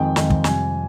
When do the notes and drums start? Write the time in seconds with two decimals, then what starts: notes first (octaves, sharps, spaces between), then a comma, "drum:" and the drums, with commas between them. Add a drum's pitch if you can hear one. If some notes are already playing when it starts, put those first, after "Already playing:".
Already playing: F2 D#3 G#3 G5
0.16 F2 D#3 G#3, drum: snare
0.30 drum: kick
0.44 F2 C3 G3 G#5, drum: snare